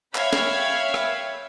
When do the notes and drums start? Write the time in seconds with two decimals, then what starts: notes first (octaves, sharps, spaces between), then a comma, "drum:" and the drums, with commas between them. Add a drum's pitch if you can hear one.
0.15 C#5 E5 F5 G5 B5 G#6, drum: clap
0.33 drum: snare
0.94 drum: rim click